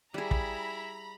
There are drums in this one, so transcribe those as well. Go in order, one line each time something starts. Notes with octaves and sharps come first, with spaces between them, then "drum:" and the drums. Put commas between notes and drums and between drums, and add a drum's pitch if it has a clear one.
G3 E4 G#4 A#5 B5
drum: kick